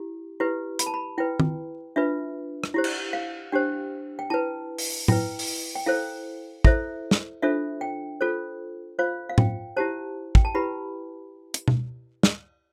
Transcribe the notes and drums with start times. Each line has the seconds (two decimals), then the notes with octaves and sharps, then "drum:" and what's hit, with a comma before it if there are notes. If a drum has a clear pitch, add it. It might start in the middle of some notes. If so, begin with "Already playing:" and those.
Already playing: E4 G4
0.40 E4 G4 B4
0.79 B5, drum: hi-hat
0.87 A5
0.94 B5
1.18 E4 B4 G5
1.40 drum: tom D#3
1.96 D4 F4 B4 E5
2.64 drum: rim click
2.74 E4 G4 C5
2.84 drum: cymbal
3.13 F5
3.52 D4 G4 C5 G5
4.19 G5
4.30 E4 B4 A5
4.79 drum: open hi-hat
5.08 E4 B4 G5, drum: tom A2
5.39 drum: open hi-hat
5.75 G5
5.86 E4 A4 C5 F5
6.65 E4 A4 C5 E5, drum: kick
7.11 drum: snare
7.42 D4 F4 A4 C5 E5
7.81 G5
8.21 F4 A4 C5
8.99 F4 C5 F5
9.30 F5
9.38 G5, drum: tom A2
9.77 E4 G4 C5 A5
10.35 G5, drum: kick
10.45 A5
10.54 E4 G4 B4 B5
11.54 drum: hi-hat
11.68 drum: tom B2
12.23 drum: snare